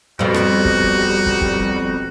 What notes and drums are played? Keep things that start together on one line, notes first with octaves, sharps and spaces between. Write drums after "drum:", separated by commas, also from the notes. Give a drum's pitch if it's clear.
F2 B2 G3 D#4 F#4
drum: rim click
drum: kick
drum: kick
drum: kick